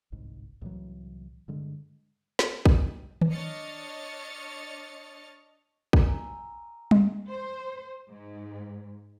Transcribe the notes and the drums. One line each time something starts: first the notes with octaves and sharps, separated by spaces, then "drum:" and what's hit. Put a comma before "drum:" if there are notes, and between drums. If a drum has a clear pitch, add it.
G1 C2 G#2
C2 A2 E3 F#3
G2 D3 G#3
drum: snare
drum: kick
drum: tom D#3
D4 C#5 D#5 F6 A6 C#7
G#5 A#5 E6, drum: kick
drum: tom G3
C5
G#2